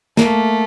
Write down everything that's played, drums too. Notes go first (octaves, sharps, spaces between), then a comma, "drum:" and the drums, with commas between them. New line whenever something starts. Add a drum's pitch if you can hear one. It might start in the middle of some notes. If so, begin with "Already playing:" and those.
A3 A#3, drum: snare